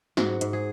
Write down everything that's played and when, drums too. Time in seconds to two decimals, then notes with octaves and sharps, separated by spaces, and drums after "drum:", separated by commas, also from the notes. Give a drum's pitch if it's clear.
0.17 G#2 F#4, drum: snare
0.41 G#2, drum: hi-hat
0.53 G#4